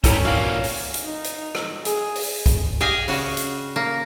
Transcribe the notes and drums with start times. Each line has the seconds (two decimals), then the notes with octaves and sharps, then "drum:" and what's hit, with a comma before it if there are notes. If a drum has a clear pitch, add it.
0.04 G2 C3 D#3 G3 C#4 E4 A4 A#5, drum: kick, hi-hat
0.25 A#2 E3 A#3 F#4 F5
0.64 drum: open hi-hat
0.94 drum: hi-hat
1.04 D#4
1.24 drum: hi-hat
1.55 drum: rim click
1.85 G#4, drum: hi-hat
2.15 drum: open hi-hat
2.46 drum: kick, hi-hat
2.81 G4 G#4 D#5 F5 G#5
3.08 C#3 F#4, drum: open hi-hat
3.37 drum: hi-hat
3.76 A#3